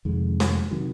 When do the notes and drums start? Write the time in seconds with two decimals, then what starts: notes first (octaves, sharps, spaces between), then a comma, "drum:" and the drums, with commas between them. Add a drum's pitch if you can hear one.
0.05 F2 C3 D#3 G#3
0.40 drum: snare
0.71 C3 D#3 F#3